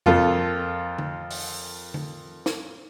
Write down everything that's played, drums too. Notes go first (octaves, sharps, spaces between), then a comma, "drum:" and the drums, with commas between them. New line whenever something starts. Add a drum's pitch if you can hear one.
F2 A#3 F4 A4, drum: tom F2
drum: tom D3
drum: open hi-hat
drum: tom D3
drum: snare